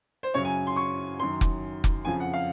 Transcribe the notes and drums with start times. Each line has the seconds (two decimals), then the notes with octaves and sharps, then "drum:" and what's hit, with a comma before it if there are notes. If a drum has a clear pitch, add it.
0.23 C5
0.34 F#2 C#3 F#3 C#5
0.45 G#5
0.67 C6
0.76 C#6
1.20 F#2 D#3 F#3 C6
1.41 drum: kick F1
1.84 drum: kick F1
2.05 F2 C#3 F3 G#5
2.20 F#5
2.34 F5